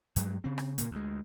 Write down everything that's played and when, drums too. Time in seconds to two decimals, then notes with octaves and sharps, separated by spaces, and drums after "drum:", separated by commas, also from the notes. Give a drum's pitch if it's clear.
0.16 G2 F#3 G#3, drum: hi-hat
0.44 C#3 C4
0.58 drum: rim click
0.78 A#2 C#3 A#3, drum: hi-hat
0.91 D2 G#3